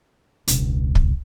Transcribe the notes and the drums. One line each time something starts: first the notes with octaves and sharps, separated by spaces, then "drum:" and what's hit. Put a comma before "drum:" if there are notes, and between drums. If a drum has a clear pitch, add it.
E1 C#2, drum: hi-hat
drum: kick